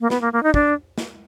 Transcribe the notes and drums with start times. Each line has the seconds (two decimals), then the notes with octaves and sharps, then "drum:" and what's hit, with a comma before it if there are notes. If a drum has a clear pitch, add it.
0.01 A#3
0.10 B3, drum: snare
0.21 A#3
0.33 A#3
0.43 D#4
0.54 D4, drum: kick
0.98 drum: snare